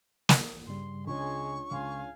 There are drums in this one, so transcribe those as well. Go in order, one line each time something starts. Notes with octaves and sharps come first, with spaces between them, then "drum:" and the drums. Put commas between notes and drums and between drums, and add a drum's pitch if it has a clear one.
drum: snare
G2 C#3 G3 C6
C#2 G#3 D4 F4 C#5 G#5 C#6
C#2 F5 G#5 C6